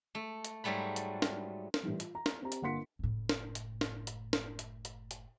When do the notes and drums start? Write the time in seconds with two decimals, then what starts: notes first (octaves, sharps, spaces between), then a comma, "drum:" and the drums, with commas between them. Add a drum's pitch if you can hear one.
0.15 A3
0.45 drum: hi-hat
0.64 G#2 F#3 G3 A3 B5
0.96 drum: hi-hat
1.22 drum: snare
1.74 drum: snare
1.83 A2 E3 G3
2.00 F4, drum: hi-hat
2.15 A#5
2.26 drum: snare
2.42 C4 G4 A#5
2.52 drum: hi-hat
2.62 G1 A#3 F#5 C6 B6 C#7
2.99 F#1 A2
3.29 drum: snare
3.55 drum: hi-hat
3.81 drum: snare
4.07 drum: hi-hat
4.33 drum: snare
4.59 drum: hi-hat
4.85 drum: hi-hat
5.11 drum: hi-hat